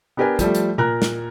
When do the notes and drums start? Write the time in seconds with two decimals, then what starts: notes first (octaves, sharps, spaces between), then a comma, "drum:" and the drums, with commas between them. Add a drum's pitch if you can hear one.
0.17 B3 D4 G4 A#4 B4 G#5
0.39 F3 G3 A3, drum: kick, hi-hat
0.55 drum: hi-hat
0.78 A#2 A#4 A#5 F#6
1.02 drum: snare